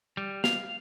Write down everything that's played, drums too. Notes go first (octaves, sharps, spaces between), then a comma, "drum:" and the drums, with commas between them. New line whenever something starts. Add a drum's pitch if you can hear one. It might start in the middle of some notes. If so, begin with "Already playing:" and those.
G3
F5, drum: snare